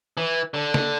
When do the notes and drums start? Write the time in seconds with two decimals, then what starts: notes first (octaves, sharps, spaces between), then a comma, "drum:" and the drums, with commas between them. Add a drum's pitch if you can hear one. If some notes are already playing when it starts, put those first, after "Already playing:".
0.17 E3
0.54 D3
0.74 drum: snare